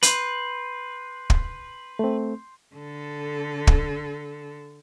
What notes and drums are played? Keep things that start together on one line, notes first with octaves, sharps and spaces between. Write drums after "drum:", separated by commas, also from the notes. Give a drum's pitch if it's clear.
B4 C6 G6 C7, drum: hi-hat
drum: kick
A3 C4
D3 A4
drum: kick